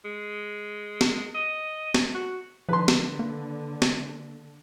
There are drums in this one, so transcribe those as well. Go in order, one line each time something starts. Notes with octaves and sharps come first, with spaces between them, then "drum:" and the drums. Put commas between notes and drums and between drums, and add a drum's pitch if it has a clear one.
G#3
drum: snare
D#5
drum: snare
F#4
D3 F3 B4 C6
drum: snare
A#3
drum: snare